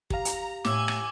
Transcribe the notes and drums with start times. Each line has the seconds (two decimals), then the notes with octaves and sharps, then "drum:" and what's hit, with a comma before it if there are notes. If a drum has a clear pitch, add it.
0.10 G4 F5 A#5, drum: kick
0.25 drum: hi-hat
0.65 A2 G#5 D6 E6 G#6, drum: snare
0.88 drum: rim click